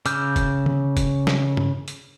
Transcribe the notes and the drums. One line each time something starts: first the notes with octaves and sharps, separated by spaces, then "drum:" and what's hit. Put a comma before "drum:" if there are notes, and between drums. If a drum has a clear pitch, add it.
C#3 D6 E6 F6 G6, drum: hi-hat
drum: kick, hi-hat
drum: tom
drum: kick, hi-hat
drum: snare
drum: tom G2
drum: hi-hat